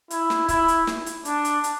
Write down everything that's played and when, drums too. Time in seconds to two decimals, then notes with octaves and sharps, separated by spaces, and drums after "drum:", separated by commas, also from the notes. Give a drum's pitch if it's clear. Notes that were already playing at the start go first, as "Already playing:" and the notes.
0.10 E4, drum: hi-hat
0.30 drum: snare
0.48 E4, drum: kick C#1, hi-hat
0.68 drum: hi-hat
0.87 drum: snare
1.06 drum: hi-hat
1.25 D4, drum: hi-hat
1.45 drum: hi-hat
1.64 drum: hi-hat